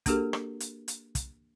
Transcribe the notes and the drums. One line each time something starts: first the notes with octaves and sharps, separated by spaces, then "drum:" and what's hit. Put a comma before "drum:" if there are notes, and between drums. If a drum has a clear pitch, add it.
A#3 D4 F#4 G4 A4 A#4, drum: kick, hi-hat
drum: rim click
drum: hi-hat
drum: hi-hat
drum: kick, hi-hat